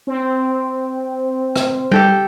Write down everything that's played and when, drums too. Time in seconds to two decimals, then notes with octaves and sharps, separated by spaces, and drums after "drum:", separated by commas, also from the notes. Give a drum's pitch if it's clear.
0.07 C4
1.56 drum: rim click
1.91 G4 A4 G5, drum: tom G3